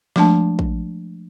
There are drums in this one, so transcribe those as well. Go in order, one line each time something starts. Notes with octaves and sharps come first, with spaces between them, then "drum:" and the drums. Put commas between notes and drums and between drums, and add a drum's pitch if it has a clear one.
F3 G#3 A3 D4 A5, drum: snare
drum: kick